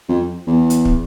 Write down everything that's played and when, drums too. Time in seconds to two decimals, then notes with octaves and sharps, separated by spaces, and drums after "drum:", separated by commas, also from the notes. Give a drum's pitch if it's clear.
0.09 F2
0.47 E2
0.70 drum: hi-hat
0.85 drum: kick